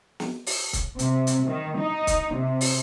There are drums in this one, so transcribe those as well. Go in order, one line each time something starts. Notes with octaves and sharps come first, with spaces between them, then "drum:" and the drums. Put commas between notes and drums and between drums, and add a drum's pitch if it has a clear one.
drum: snare
drum: open hi-hat
drum: kick C#1, hi-hat
C3, drum: hi-hat
drum: hi-hat
D#3
D#4
drum: kick C#1, hi-hat
C3
drum: open hi-hat